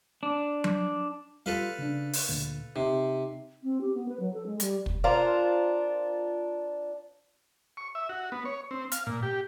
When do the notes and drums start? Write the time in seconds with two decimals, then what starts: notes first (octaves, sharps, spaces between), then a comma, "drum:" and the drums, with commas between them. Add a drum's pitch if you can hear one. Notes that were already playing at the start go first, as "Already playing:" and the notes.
0.23 D4
0.64 drum: tom F#3
1.46 G3 F4 A4 B4 F5
1.79 C#3 D4
2.13 drum: open hi-hat
2.28 D2 A#2 D3
2.76 C3 D#4
3.64 C4
3.81 G4
3.94 B3
4.09 B4
4.20 F#3
4.34 A4
4.46 G#3
4.60 G3, drum: hi-hat
4.86 drum: kick
5.04 D4 F4 A#4 C5
7.77 C#6
7.95 E5
8.09 F#4
8.32 B3
8.45 C#5
8.71 C4
8.92 F5, drum: hi-hat
9.07 A#2
9.23 G4